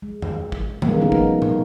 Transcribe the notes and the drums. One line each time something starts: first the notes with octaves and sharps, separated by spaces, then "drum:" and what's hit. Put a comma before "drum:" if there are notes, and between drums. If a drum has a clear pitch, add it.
G#3
drum: tom F2
drum: kick G#1
C#3 G3 G#3 A#3 B3, drum: tom D#3
F3 A3 B3 D#4 A#4
drum: kick G#1
drum: tom